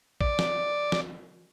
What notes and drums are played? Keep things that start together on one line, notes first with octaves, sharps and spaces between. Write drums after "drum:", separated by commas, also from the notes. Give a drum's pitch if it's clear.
D5, drum: kick A#1
drum: snare
drum: snare